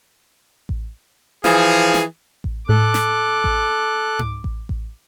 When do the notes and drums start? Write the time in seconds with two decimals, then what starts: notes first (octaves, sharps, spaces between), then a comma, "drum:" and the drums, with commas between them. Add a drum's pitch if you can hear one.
0.69 drum: kick A1
1.44 E3 F3 G#4, drum: snare
1.94 drum: snare
2.44 drum: kick A1
2.69 A2 A4 D6 F#6
2.94 drum: snare
3.44 drum: kick A1
4.19 drum: tom G#2
4.44 drum: kick A1
4.69 drum: kick A1